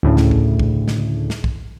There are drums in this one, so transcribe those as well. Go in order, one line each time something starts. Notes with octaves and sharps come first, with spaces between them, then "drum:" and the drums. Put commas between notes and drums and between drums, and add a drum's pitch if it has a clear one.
D2 A2 C#3
drum: snare
drum: kick B1
drum: kick B1
drum: snare
drum: snare
drum: kick B1